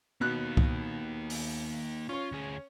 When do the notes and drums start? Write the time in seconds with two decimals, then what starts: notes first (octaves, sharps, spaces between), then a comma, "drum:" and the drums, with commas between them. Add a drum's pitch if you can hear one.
0.21 B2 A#3 D#4 F#6
0.57 drum: kick C2
1.30 drum: open hi-hat
2.09 C#4 F4 C#5
2.32 D2 G#4